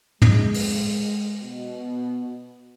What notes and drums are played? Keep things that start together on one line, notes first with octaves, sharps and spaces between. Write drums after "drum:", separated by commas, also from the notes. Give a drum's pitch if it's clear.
G#3, drum: tom
drum: open hi-hat
B2